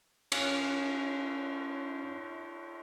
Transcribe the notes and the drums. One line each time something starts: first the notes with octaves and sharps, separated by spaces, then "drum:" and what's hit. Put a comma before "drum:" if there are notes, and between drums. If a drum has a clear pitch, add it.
C#4 F5 F#6, drum: cymbal